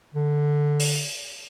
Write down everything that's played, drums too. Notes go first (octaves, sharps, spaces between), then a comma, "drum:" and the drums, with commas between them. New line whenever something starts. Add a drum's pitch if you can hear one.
D3
drum: open hi-hat